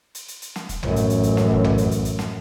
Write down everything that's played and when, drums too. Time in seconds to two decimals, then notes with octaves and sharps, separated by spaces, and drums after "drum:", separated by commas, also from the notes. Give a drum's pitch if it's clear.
0.15 drum: hi-hat
0.28 drum: hi-hat
0.42 drum: hi-hat
0.56 drum: snare
0.69 drum: kick E1, hi-hat
0.83 A1 F#2, drum: tom
0.96 drum: hi-hat
1.10 drum: hi-hat
1.24 drum: hi-hat
1.37 drum: snare
1.51 drum: kick E1
1.64 drum: tom
1.78 drum: hi-hat
1.92 drum: hi-hat
2.05 drum: hi-hat
2.19 drum: snare